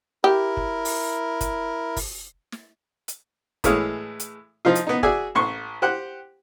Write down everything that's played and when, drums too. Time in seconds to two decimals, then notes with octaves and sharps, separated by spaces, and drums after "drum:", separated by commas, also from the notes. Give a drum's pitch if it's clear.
0.24 E4 G4 A#4
0.57 drum: kick
0.85 drum: open hi-hat
1.41 drum: kick, hi-hat
1.96 drum: kick, open hi-hat
2.52 drum: snare
3.08 drum: hi-hat
3.64 A2 E3 G#3 C#5 F5 D#6, drum: kick, hi-hat
4.20 drum: hi-hat
4.65 F3 D#4 F4
4.76 drum: hi-hat
4.87 B3 D#4
5.03 F#4 G#4 D5 E5 G#5, drum: kick
5.35 A1 C6 C#6
5.82 G4 C5 F#5 F#6